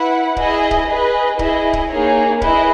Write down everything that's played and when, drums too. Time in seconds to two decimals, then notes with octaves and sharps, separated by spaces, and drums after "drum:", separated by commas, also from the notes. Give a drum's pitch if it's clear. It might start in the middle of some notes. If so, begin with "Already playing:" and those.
Already playing: E4 B4 F#5
0.36 E4 G#4 D#5, drum: kick
0.71 drum: kick
0.88 G#4 B4 D#5
1.39 E4 G#4 D#5, drum: kick
1.73 drum: kick
1.90 A#3 D#4 G#4 C#5
2.42 E4 G#4 B4 D#5, drum: kick